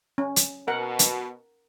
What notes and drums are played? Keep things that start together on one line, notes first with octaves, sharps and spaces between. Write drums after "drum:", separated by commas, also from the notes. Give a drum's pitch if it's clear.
C#4
drum: hi-hat
B2 A#4 F#5
drum: hi-hat